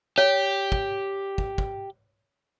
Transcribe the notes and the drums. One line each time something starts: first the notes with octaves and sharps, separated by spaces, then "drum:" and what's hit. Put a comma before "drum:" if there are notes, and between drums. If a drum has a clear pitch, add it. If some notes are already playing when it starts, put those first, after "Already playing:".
G4 C#5
drum: kick
drum: kick
drum: kick